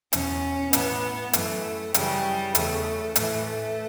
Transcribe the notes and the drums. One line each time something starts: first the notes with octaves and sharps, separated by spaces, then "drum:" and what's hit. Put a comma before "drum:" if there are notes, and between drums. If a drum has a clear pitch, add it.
E2 B2 C#4, drum: hi-hat
A2 E3 B3, drum: hi-hat
F#2 E3 A3, drum: hi-hat
F#2 C#3 E3 G3, drum: hi-hat
E2 C#3 E3 A3, drum: hi-hat
A2 E3 A3, drum: hi-hat
A3